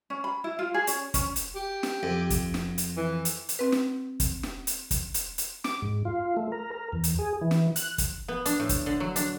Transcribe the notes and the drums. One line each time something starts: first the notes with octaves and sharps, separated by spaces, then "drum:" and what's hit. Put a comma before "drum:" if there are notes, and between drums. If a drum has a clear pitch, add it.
C#4
B5
E4
F4
G#4
C#4, drum: hi-hat
C#4, drum: kick, hi-hat
drum: hi-hat
G4
drum: snare
F2
drum: kick, hi-hat
drum: snare
drum: hi-hat
E3
drum: hi-hat
drum: hi-hat
C4 B4
drum: snare
drum: kick, hi-hat
drum: snare
drum: hi-hat
drum: kick, hi-hat
drum: hi-hat
drum: hi-hat
D6, drum: snare
G#2
F4
A3
A#4
A#4
E2
drum: hi-hat
G#4
E3
drum: snare
F#6, drum: hi-hat
drum: kick, hi-hat
B3
D4, drum: hi-hat
A2
drum: kick, hi-hat
D3
F#3
D4, drum: hi-hat